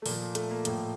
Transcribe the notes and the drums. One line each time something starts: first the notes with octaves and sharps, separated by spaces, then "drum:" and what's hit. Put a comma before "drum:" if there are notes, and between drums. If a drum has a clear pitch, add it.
A3
A#2 F3 A#3, drum: open hi-hat
A3, drum: hi-hat
A#3
A2 F3, drum: hi-hat